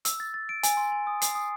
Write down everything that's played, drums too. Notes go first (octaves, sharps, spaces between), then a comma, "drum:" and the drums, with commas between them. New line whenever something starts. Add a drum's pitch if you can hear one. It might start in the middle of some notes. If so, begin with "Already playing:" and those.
E6, drum: hi-hat
A6
A6
D7
G#5, drum: hi-hat
C6
G#5
D#6
C7, drum: hi-hat
D#6